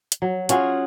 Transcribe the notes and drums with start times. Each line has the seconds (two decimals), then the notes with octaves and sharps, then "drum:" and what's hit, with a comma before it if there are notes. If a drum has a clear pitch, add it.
0.12 drum: hi-hat
0.22 F#3
0.49 C#4 F4 F#4 G#4, drum: hi-hat